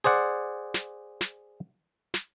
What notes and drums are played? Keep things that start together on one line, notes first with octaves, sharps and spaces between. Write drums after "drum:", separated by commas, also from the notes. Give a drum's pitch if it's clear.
G#4 C5 D5 F#5
drum: snare
drum: snare
drum: snare